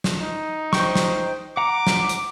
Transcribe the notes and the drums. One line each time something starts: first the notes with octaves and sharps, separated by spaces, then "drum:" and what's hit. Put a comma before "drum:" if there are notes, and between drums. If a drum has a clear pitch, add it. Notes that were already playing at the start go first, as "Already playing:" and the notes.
drum: snare
D#4
C5 G5 C#6, drum: snare
drum: snare
F#5 A#5 D6
drum: snare
drum: hi-hat